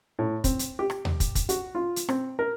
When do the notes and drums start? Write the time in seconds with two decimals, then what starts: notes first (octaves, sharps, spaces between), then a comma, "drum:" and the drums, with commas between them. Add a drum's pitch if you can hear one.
0.19 A2
0.44 C4, drum: kick, hi-hat
0.59 drum: hi-hat
0.79 G4
0.90 drum: rim click
1.05 drum: tom D#2
1.20 drum: kick, hi-hat
1.35 drum: kick, hi-hat
1.49 F#4, drum: hi-hat
1.75 F4
1.96 drum: hi-hat
2.09 C4, drum: rim click
2.39 A#4